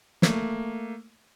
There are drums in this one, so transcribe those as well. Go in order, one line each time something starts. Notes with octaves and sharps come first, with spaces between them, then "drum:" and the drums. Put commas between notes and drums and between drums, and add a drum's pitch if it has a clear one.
A3 A#3, drum: snare